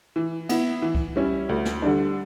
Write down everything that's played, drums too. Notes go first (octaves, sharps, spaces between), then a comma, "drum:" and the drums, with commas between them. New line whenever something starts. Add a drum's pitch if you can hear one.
E3
B3 E4, drum: cymbal
E3
drum: kick C2
G3 C#4 E4
D2
drum: snare
D3 G3 D4